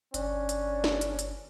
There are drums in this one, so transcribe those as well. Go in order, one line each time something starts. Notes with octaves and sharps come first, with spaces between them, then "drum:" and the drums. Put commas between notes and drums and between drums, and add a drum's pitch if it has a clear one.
G1 C#4 D4, drum: hi-hat
drum: hi-hat
drum: snare
drum: hi-hat
drum: hi-hat